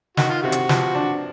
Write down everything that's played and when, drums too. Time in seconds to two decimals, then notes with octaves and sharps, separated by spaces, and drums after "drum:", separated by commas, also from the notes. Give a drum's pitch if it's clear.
0.17 D#3 F#4, drum: snare
0.30 F4
0.42 C3 F#4
0.52 drum: hi-hat
0.69 F3, drum: snare
0.95 D4